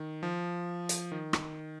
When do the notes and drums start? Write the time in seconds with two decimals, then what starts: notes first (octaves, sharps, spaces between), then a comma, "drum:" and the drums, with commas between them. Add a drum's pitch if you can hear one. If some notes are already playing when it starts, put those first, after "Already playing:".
Already playing: D#3
0.23 F3
0.89 drum: hi-hat
1.12 D#3
1.33 drum: rim click